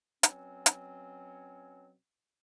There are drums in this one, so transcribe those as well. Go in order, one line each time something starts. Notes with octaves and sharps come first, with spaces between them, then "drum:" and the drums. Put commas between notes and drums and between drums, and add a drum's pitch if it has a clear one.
B2 F#3 C4 C#4, drum: hi-hat
drum: hi-hat